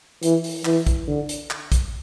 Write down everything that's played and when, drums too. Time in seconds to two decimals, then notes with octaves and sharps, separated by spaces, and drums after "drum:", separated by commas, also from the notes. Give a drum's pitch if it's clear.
0.23 E3, drum: hi-hat
0.44 drum: open hi-hat
0.65 E3, drum: clap
0.87 drum: kick, hi-hat
1.07 D3
1.29 drum: hi-hat
1.50 drum: clap
1.72 drum: kick, hi-hat